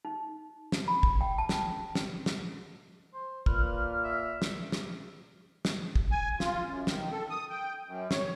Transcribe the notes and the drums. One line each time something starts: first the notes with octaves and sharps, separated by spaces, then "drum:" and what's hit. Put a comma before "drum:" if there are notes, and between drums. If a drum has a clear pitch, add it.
D#4
drum: snare
B5
drum: kick
G5
A5
drum: snare
drum: snare
drum: snare
C5
A#2 B4 F6, drum: kick
E5
drum: snare
drum: snare
drum: snare
drum: kick
G#5
F4, drum: snare
F#2
D#3, drum: snare
A4
D#6
G5
F#2
C#5, drum: snare